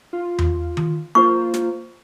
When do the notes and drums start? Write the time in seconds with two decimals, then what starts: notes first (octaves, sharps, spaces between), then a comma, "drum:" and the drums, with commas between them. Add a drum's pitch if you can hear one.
0.13 F4
0.39 drum: tom E2
0.77 drum: tom D#3
1.15 A#3 F4 C5 C#6
1.54 drum: snare